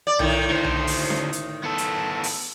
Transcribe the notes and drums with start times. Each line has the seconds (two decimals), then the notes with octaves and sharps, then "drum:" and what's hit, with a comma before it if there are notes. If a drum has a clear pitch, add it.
0.07 D5
0.19 A2 D#3, drum: tom B1
0.50 D3 C5
0.65 drum: tom B1
0.87 drum: open hi-hat
1.10 drum: snare C#4
1.33 drum: hi-hat
1.63 B3 A4
1.78 drum: hi-hat
2.23 drum: open hi-hat